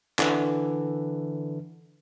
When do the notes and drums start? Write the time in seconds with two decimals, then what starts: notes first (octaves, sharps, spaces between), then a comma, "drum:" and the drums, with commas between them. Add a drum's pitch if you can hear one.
0.19 D3 E3, drum: clap